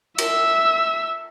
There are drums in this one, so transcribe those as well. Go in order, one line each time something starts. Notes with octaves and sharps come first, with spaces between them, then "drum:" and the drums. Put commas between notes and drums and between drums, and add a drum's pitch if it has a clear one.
E5 E6, drum: cymbal